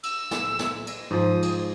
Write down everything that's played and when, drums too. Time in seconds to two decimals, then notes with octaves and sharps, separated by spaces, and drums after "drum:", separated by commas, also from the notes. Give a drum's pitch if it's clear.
0.03 E6, drum: cymbal
0.31 drum: snare
0.59 drum: snare
0.87 drum: cymbal
1.11 G#2 F3 D#6
1.42 drum: cymbal